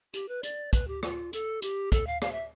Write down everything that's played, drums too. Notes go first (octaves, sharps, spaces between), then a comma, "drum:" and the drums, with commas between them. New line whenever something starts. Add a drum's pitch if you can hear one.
G4, drum: hi-hat
B4
D5, drum: hi-hat
B4, drum: kick, hi-hat
G4
F4, drum: rim click
A4, drum: hi-hat
G4, drum: hi-hat
A4, drum: kick, hi-hat
F5
F5, drum: rim click
E5